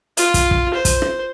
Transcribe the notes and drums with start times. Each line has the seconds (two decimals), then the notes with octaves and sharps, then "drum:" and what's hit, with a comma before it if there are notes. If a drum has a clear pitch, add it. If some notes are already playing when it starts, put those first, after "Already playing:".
0.17 F4, drum: hi-hat
0.34 drum: kick, hi-hat
0.51 drum: kick
0.74 C5
0.85 drum: kick, hi-hat
1.02 drum: rim click